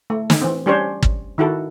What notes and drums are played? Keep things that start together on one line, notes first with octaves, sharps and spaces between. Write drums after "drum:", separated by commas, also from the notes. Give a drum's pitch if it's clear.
A3
drum: snare
E3 C4
G3 C#4 D4 G4 C5 C#5
drum: kick
D#3 E4 F#4 A4